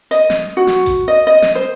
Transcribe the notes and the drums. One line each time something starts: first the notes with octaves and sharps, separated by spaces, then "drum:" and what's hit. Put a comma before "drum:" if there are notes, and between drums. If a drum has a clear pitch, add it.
D#5, drum: hi-hat
drum: snare
F#4
drum: snare
drum: kick A1, hi-hat
D#5
D#5
drum: snare
C5